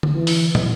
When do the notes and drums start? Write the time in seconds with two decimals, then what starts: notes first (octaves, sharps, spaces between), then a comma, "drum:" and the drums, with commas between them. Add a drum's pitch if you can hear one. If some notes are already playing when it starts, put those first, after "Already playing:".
0.03 drum: tom D3
0.15 E3
0.27 drum: open hi-hat
0.55 drum: tom